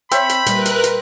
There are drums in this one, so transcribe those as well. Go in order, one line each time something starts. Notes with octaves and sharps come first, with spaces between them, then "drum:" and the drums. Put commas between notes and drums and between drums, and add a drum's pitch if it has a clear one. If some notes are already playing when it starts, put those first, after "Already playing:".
C4 C5 C#5 E5 G5 B5, drum: hi-hat
drum: hi-hat
A#2 G3 A#4 B4 F#6, drum: hi-hat
drum: hi-hat
drum: hi-hat